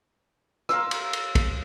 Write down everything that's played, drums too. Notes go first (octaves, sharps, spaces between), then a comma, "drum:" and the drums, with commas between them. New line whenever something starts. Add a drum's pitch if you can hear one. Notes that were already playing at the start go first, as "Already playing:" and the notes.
A#4 F5 C6 E6, drum: rim click
drum: cymbal
drum: cymbal
drum: kick, cymbal